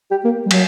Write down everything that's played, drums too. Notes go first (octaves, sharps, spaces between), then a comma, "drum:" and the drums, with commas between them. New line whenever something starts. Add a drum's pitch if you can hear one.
G4
A#3
G3
F#3, drum: cymbal